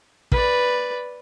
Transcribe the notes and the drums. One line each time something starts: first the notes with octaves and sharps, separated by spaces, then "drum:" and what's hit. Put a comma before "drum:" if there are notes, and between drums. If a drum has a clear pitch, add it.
B4 D5, drum: kick